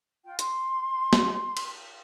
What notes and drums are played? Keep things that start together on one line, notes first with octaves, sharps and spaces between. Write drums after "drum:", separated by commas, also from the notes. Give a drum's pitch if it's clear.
F4 G5
C6, drum: hi-hat
drum: snare
drum: cymbal